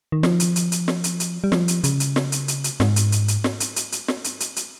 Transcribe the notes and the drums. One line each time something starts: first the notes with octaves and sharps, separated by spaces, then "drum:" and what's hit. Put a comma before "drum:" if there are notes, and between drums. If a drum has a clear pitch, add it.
D#3
F3, drum: snare
drum: hi-hat
drum: hi-hat
drum: hi-hat
drum: snare
drum: hi-hat
drum: hi-hat
G3
F3, drum: snare
drum: hi-hat
C#3, drum: hi-hat
drum: hi-hat
drum: snare
drum: hi-hat
drum: hi-hat
drum: hi-hat
G#2, drum: snare
drum: hi-hat
drum: hi-hat
drum: hi-hat
drum: snare
drum: hi-hat
drum: hi-hat
drum: hi-hat
drum: snare
drum: hi-hat
drum: hi-hat
drum: hi-hat